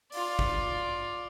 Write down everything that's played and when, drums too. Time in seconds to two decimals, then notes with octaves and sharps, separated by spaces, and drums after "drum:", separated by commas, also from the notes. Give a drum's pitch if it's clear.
0.12 F4 D5, drum: open hi-hat
0.39 drum: kick